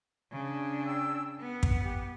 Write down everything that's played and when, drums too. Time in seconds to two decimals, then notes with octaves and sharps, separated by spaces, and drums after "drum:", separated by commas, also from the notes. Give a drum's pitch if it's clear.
0.32 C#3 D4
0.86 G5 E6
1.40 B3 F#5
1.63 drum: kick
1.82 G4 F#5